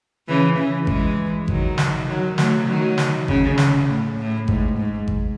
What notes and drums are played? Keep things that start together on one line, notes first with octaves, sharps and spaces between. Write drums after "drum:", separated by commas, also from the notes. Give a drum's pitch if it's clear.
C#3 E3
C#3 E3
E3 G#3, drum: kick G#1
D#3 F#3, drum: kick G#1
drum: snare
D#3 F#3
F#3 A3, drum: snare
D#3 F#3
drum: snare
C#3, drum: kick G#1
drum: snare
A2
A2
G#2, drum: kick G#1
G#2
drum: kick G#1